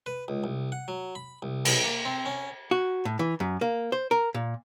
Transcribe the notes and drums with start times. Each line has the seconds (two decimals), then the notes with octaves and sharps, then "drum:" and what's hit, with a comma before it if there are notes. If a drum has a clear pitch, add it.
0.06 B4
0.28 C#2
0.44 C2
0.72 F#5
0.88 F#3
1.15 B5
1.42 C2
1.65 B1, drum: cymbal
1.84 A#3
2.05 C4
2.26 C#4
2.71 F#4
3.05 A2
3.19 E3
3.40 F#2
3.61 A#3
3.92 C5
4.11 A#4
4.34 A#2